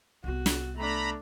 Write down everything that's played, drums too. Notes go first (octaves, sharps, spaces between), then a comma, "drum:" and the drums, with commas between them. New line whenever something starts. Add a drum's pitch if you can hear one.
C2 B3 F#4
drum: snare
A3 D4 A#5 B5